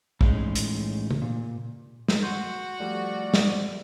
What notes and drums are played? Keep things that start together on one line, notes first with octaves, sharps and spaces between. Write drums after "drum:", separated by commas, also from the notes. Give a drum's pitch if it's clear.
A2 E3 G#3 A3 C#4 D#4, drum: kick
drum: hi-hat
drum: tom C#3
A#2
drum: snare
F#4 C6 G6
F3 G3 A3 D5
drum: snare